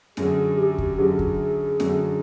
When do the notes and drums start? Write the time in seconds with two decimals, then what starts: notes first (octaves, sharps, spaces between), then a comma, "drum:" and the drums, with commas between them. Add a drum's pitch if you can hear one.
0.17 F#2 D3 F#3 G#4, drum: snare
0.58 G4
0.78 drum: kick
0.98 F#2 D3 F#3 G#4
1.19 drum: kick
1.80 F#2 D3 F#3, drum: snare